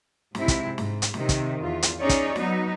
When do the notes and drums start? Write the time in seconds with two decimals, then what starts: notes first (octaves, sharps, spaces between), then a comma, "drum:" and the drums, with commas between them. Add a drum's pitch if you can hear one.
0.35 G#2 C3 C4 E4, drum: snare
0.48 drum: kick, hi-hat
0.78 G#2, drum: snare
1.02 drum: hi-hat
1.14 C3 D#3, drum: snare
1.29 drum: kick, hi-hat
1.60 E2 F4
1.83 drum: hi-hat
2.00 C#4 D#4 G#4 C#5 D5
2.09 drum: kick, hi-hat
2.36 F#3 B3 D#4 F#4, drum: snare